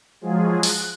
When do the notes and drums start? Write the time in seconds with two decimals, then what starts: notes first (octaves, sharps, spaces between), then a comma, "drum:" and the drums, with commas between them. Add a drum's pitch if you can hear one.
0.21 F3 F#3 G#3 F4 G#4
0.63 F#6, drum: open hi-hat